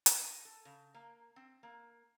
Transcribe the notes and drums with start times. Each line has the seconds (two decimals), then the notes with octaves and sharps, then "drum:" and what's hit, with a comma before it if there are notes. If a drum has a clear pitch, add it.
0.06 drum: hi-hat
0.21 D#5
0.45 A4
0.65 C#3
0.94 A#3
1.36 C4
1.63 A#3